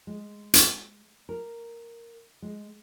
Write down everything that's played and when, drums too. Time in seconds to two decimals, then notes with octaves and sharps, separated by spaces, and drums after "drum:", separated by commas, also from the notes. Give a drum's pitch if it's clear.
0.07 G#3
0.54 drum: hi-hat
1.29 A#4
2.42 G#3